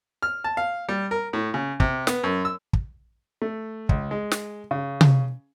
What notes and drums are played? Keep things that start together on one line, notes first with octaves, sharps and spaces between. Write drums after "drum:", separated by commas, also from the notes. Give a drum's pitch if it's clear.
F6
A5
F5
G3
A#4
A2
C#3
C3, drum: kick
B3, drum: snare
F#2
E6
drum: kick
A3
C#2, drum: kick
G#3
drum: snare
C#3
drum: tom C3